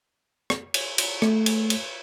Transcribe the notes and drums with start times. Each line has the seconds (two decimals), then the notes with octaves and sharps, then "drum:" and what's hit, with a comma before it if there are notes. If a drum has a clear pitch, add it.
0.50 drum: rim click
0.74 drum: cymbal
0.98 drum: cymbal
1.22 A3, drum: rim click
1.46 drum: cymbal
1.70 drum: cymbal